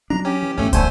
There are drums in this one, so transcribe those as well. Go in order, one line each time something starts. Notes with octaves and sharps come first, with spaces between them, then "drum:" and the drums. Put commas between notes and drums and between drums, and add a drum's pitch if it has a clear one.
F#3 D4 A#5
C#4 G4
E3
G#1 E2 G2 A3 C#4
D3 A3 C5 G#5, drum: kick, hi-hat